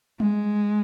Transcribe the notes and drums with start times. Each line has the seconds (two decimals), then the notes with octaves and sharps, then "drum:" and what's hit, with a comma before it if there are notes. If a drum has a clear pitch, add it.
0.20 G#3, drum: tom G3